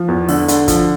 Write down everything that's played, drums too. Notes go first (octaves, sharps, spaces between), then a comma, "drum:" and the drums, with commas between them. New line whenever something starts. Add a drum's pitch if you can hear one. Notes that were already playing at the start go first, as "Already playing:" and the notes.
Already playing: F3
E2
D3, drum: open hi-hat
D3, drum: hi-hat
F3, drum: kick, hi-hat